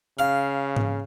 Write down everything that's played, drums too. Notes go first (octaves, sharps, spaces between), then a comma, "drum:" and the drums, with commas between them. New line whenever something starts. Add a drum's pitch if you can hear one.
C#3 F5
drum: tom G#2